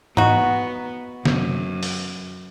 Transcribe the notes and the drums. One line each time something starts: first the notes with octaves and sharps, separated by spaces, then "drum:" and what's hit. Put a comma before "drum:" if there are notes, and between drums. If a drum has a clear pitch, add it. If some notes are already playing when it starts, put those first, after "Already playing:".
B3 D#4 F#4, drum: tom
F#2, drum: snare
drum: open hi-hat